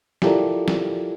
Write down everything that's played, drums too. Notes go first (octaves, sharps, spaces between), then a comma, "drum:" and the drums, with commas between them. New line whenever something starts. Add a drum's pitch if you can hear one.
E4 F4 G4 A4 A#4 D5, drum: snare
drum: snare